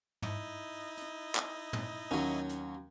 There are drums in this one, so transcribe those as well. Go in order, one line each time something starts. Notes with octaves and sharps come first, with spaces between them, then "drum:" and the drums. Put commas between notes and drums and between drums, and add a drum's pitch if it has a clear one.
D#4 E4 D#5, drum: tom
drum: hi-hat
drum: clap
drum: tom
D#2 F#3 C#4
drum: hi-hat